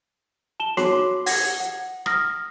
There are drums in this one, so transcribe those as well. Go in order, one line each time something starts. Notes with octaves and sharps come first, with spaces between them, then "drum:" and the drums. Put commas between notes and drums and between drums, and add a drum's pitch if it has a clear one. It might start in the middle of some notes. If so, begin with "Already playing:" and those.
A5 E7 G7
F#4 C#5 C6 D6 C7 F#7, drum: snare
F#5 G#6 A#6, drum: open hi-hat
F#5
D#6 F6 A#6, drum: rim click